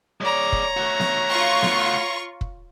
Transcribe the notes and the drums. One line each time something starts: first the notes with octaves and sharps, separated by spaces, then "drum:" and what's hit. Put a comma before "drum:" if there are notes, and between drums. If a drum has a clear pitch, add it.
G#3 C#5 D5 A#5
drum: kick
A3 F#4
drum: snare B3
F4 C#6
drum: snare B3
drum: kick